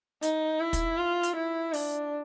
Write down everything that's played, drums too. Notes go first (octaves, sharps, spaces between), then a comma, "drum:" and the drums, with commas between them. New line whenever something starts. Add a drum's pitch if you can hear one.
D#4, drum: hi-hat
E4
drum: kick, hi-hat
F4
drum: hi-hat
E4
D4, drum: open hi-hat